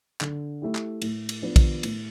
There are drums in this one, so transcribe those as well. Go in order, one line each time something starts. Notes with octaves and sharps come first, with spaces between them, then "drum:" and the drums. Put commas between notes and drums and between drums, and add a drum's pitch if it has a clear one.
D3, drum: clap
A3 E4 G4
drum: clap
A2, drum: cymbal
drum: cymbal
F3 B3 D4
drum: kick, cymbal
A2, drum: cymbal